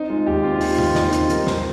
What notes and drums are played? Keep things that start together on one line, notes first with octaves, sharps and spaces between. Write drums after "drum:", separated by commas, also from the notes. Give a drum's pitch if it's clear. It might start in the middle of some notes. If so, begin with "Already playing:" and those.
Already playing: C4 D#4
G#3 F4
D#2 G4
C4 F4
F4
D#3 G4, drum: open hi-hat
D#2 F4, drum: tom
D#2 D#4, drum: snare
C4 F4, drum: hi-hat
G3 A#4, drum: hi-hat
A#1 C5, drum: snare